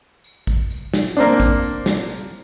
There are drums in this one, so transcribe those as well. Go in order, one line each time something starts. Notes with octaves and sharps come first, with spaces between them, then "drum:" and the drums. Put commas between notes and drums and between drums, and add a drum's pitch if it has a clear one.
drum: tambourine
drum: kick A1, tambourine
drum: tambourine
drum: snare
A#3 C4 D4, drum: tambourine
drum: kick A1, tambourine
drum: tambourine
drum: snare
drum: tambourine